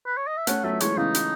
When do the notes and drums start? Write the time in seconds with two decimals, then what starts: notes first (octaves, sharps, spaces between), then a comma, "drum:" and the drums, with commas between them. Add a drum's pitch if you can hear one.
0.06 B4
0.17 C#5
0.27 D#5
0.37 E5
0.47 A3 C#4 F#5, drum: hi-hat
0.64 F#3 A3 E5
0.80 E3 G#3 C#5, drum: hi-hat
0.97 C#3 E3 D#4
1.15 drum: hi-hat